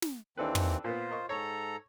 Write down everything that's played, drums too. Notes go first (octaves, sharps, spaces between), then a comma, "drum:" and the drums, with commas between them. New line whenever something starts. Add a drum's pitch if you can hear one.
drum: snare
D#2 E3 C4 D4 A4 B4
drum: tom
A#2 B3 F4 C5
A#4 D#5 C#6
G#2 A4 C#5 A#5